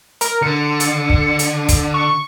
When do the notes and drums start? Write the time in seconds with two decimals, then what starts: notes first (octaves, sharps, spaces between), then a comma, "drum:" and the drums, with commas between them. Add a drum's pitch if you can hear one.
0.21 A#4, drum: hi-hat
0.42 D3 C#7
0.80 drum: hi-hat
1.10 drum: kick
1.39 drum: hi-hat
1.69 drum: kick, hi-hat
1.94 C#6